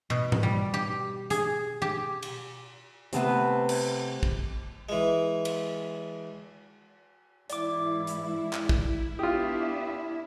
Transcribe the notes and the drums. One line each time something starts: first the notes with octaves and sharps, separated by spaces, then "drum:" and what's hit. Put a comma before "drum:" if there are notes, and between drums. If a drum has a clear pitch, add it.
B2
drum: tom G#2
G3
G4
G#4, drum: hi-hat
G4
drum: cymbal
C3 A3 B3 B4, drum: hi-hat
drum: cymbal
drum: kick
E3 G#3
drum: cymbal
G#2 E3 E4 D5 D6, drum: hi-hat
drum: hi-hat
drum: clap
drum: kick
B3 D4 F4 G4 E5 D#6